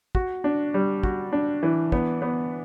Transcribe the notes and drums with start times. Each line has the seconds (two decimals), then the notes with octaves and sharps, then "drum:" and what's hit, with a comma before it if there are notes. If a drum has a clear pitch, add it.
0.15 F#4, drum: kick
0.44 D4
0.74 G3
1.03 F#4, drum: kick
1.32 D4
1.63 E3
1.92 B3, drum: kick
2.22 B3